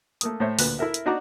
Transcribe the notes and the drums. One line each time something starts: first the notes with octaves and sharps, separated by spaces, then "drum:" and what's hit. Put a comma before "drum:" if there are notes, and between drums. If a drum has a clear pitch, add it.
A3 A#3 D#6, drum: hi-hat
A2 C5 C#5 E5
D2 A#2 B4 F#6, drum: open hi-hat
E4 A4 A#4 E5
drum: hi-hat
D4 D#4 F#4 D5 A#5 D6